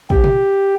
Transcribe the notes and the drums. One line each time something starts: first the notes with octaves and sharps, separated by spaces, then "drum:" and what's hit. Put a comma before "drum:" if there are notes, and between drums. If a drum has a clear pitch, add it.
G4, drum: kick
drum: tom